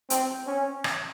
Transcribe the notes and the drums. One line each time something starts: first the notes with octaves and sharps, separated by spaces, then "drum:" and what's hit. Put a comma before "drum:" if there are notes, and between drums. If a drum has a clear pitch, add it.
C4, drum: hi-hat
C#4
drum: rim click